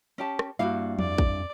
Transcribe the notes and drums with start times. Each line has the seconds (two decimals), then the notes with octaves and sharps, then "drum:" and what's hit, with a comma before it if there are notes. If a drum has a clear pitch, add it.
0.18 C#4 G4 A5
0.39 drum: rim click
0.59 G2 G3 A#3 E4 F#4 F5
0.99 F2 D5, drum: tom
1.18 drum: kick